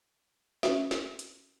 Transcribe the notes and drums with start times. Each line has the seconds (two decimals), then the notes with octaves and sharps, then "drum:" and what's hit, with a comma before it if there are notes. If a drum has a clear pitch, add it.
0.63 C#4 F#4 B4 E5, drum: snare
0.91 drum: snare
1.19 drum: hi-hat